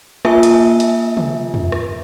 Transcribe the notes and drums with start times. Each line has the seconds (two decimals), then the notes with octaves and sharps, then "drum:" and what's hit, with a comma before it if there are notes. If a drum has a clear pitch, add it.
0.25 A#3 F4 E5 G#5, drum: rim click
0.43 drum: hi-hat
0.80 drum: hi-hat
1.17 drum: tom
1.54 drum: tom
1.72 drum: rim click